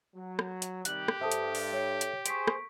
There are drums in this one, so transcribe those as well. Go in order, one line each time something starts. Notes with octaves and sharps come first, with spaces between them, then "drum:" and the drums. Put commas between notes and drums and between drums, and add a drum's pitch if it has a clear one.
F#3
drum: rim click
drum: hi-hat
C3 D#3 G3 G4 F#6 F#7, drum: hi-hat
drum: rim click
G2 A4 C5 E5 A5 D#6
drum: hi-hat
drum: open hi-hat
C#5
drum: hi-hat
G#4 C5 C#6 B6 D7, drum: hi-hat
drum: rim click